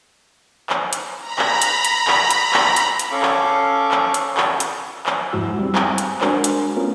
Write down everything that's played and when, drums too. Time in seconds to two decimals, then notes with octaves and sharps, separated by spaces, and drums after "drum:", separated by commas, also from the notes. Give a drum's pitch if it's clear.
0.70 drum: clap
0.93 drum: hi-hat
1.19 A#5 B5
1.39 drum: clap
1.62 drum: hi-hat
1.85 drum: hi-hat
2.08 drum: clap
2.31 drum: hi-hat
2.53 drum: clap
2.76 drum: hi-hat
2.99 drum: hi-hat
3.11 C#4 A4 F5 C#6 D6
3.22 drum: clap
3.91 drum: clap
4.14 drum: hi-hat
4.37 drum: clap
4.60 drum: hi-hat
5.06 drum: clap
5.33 F2 G#2 E4 F#4 E6
5.59 G3 C4
5.75 drum: clap
5.85 G#5
5.98 drum: hi-hat
6.21 G#3 D4 F#4 A#4 C5 G#5, drum: clap
6.44 drum: hi-hat
6.76 A3 B3 C#4 F4 A#4